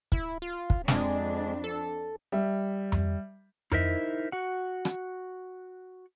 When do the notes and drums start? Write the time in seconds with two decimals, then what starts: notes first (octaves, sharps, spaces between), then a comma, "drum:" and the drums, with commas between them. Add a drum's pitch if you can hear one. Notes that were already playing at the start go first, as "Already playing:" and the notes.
0.12 E4, drum: kick
0.42 F4
0.70 drum: kick
0.88 F2 G#3 C4 D4, drum: snare
1.64 A4
2.32 G3 E5
2.92 drum: tom F2
3.72 D#4 E4 A#4 C5 D#5 E5, drum: tom F2
4.32 F#4 F#5
4.85 drum: rim click